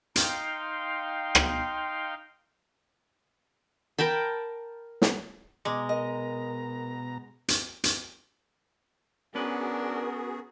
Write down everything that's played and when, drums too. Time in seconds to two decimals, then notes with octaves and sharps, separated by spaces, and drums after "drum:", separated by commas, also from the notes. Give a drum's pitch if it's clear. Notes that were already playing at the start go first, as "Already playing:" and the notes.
0.16 D#4 F5 G5 C6, drum: hi-hat
1.35 drum: rim click
3.99 A#4 G5 A5 B5
5.02 drum: snare
5.65 B2 G#3 A#5 D6
5.89 A#4 D#5
7.48 drum: hi-hat
7.84 drum: hi-hat
9.35 B3 C#4 D4 F#4 G#4 A#4 B4